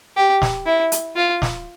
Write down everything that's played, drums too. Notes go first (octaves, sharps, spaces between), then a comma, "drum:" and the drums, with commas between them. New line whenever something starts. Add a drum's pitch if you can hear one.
G4
drum: snare
E4
drum: hi-hat
F4
drum: snare